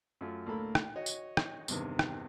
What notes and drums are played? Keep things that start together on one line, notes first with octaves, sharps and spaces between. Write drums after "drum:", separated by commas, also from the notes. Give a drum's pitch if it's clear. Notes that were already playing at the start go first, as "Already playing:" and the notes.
F#2 A3 F4
D2 A2 A#3 A4 B5
drum: rim click
F#4 C#5 D#5
drum: tambourine
drum: rim click
E2 G2 C3 D#3, drum: tambourine
drum: rim click